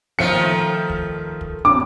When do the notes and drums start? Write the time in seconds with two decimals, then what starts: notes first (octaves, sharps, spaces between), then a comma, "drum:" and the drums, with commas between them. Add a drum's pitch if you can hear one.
0.19 D#3 F3 A3 C#7
0.90 drum: kick
1.41 drum: kick
1.65 D6, drum: tom